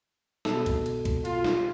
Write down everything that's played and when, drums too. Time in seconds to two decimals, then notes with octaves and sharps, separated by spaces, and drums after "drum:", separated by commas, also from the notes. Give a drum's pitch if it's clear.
0.45 B2 A4, drum: snare
0.66 drum: kick, cymbal
0.86 drum: cymbal
1.05 drum: kick, cymbal
1.25 F4, drum: cymbal
1.44 drum: snare